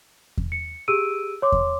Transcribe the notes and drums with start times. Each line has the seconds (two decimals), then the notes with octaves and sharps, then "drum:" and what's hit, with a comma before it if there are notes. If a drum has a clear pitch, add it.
0.38 drum: kick E2
0.52 C#7
0.88 G4 G#4 E6 D7 D#7
1.42 C#5 C6 D6
1.52 drum: kick E2